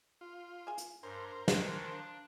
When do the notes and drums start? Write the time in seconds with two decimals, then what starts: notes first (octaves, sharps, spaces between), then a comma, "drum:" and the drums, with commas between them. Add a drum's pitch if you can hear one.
0.21 F4
0.67 G#4 G#5
0.78 drum: hi-hat
1.03 G2 A#4 C5 C#5
1.48 D#3 E3 D4, drum: snare
1.92 F3 D4